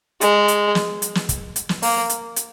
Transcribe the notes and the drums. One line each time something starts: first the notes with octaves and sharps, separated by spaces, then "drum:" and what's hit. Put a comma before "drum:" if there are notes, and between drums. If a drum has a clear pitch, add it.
G#3, drum: hi-hat
drum: hi-hat
drum: snare
drum: hi-hat
drum: snare
drum: kick, hi-hat
drum: hi-hat
drum: snare
A#3, drum: open hi-hat
drum: hi-hat
drum: hi-hat